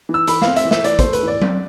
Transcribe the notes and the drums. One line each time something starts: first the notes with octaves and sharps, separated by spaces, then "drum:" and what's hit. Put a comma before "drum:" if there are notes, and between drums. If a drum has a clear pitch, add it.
E3
E6
E3 B5, drum: hi-hat
F5, drum: snare
C4
E5, drum: hi-hat
E3
E5, drum: snare
E3 D5, drum: hi-hat
A3 C5, drum: kick, hi-hat
B4, drum: hi-hat
E3 D5
C4, drum: tom F#3